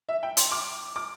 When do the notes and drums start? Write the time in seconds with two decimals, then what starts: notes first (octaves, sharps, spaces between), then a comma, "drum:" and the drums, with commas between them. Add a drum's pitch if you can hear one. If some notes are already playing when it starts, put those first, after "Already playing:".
0.09 E5
0.23 G5
0.37 C6, drum: hi-hat
0.52 D6
0.96 D6